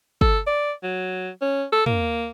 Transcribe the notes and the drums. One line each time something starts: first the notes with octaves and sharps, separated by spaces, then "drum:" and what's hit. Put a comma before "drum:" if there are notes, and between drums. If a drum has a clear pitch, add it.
A4, drum: kick
D5
F#3
C#4
A4
A#3, drum: tom